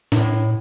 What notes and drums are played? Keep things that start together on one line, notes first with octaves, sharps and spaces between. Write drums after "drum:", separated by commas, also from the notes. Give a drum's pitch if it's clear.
A2, drum: snare
drum: tambourine